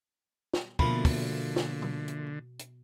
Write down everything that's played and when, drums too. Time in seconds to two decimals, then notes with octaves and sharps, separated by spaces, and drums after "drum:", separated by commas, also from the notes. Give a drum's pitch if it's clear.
0.53 drum: snare
0.79 B2 D3 F3 A3 A#3 B5, drum: kick
1.05 drum: kick, open hi-hat
1.56 drum: snare
1.82 drum: tom B2
2.08 drum: hi-hat
2.59 drum: hi-hat